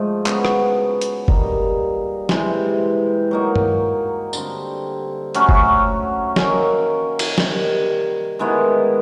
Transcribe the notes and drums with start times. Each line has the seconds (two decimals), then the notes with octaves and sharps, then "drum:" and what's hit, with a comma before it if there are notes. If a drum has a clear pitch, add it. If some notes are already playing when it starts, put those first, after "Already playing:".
Already playing: G#2 F3 A3
0.26 C#3 F#3 B3, drum: clap
0.45 drum: rim click
1.01 drum: hi-hat
1.28 G3 A#3 D#4, drum: kick F#1
2.29 C3 E3 G#3, drum: snare
3.31 F#3 A#3 D#4
3.56 drum: tom G2
4.33 D3 G3 C4, drum: tambourine
5.35 F#3 A3 C#4 F#4, drum: hi-hat
5.49 drum: kick F#1
6.36 D#3 F#3 A#3 C#4, drum: snare
7.19 drum: cymbal
7.38 C3 D#3 G3, drum: snare
8.39 D#3 G#3 B3 E4